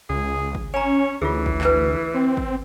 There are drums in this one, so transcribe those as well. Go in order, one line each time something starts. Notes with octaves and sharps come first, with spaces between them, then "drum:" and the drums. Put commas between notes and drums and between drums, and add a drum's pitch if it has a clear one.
C#2 G#4
drum: kick
C#4 C#5 G#5 A#5
D2 E3 F4 G#4
drum: kick
E4 B4, drum: clap
C4
drum: kick